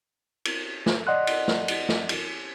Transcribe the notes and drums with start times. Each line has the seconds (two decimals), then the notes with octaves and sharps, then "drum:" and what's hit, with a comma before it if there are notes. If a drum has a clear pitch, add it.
0.45 drum: cymbal
0.86 drum: snare
1.07 D5 D#5 F#5 C6 F#6
1.27 drum: cymbal
1.48 drum: snare
1.68 drum: cymbal
1.89 drum: snare
2.09 drum: cymbal